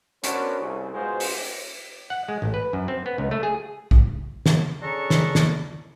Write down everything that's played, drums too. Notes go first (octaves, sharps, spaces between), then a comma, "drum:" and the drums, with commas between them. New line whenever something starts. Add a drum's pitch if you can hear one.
B3 C#4 D4 F#4 A#4 C5, drum: hi-hat
C2 C#3
G#2 B2 G#3 F4 C5
drum: open hi-hat
F#5
G#3
A1
B4
F#2
C4
B3
C#2
A3
G#4
drum: kick A#1
drum: snare
C#4 D4 G#4 A4 A#5 C#6
drum: snare
drum: snare